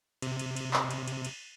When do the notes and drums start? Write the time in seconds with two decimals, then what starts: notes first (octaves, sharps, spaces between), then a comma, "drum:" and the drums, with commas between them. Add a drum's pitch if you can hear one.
0.22 C3, drum: cymbal
0.39 drum: cymbal
0.56 drum: cymbal
0.73 drum: clap
0.91 drum: cymbal
1.08 drum: cymbal
1.25 drum: cymbal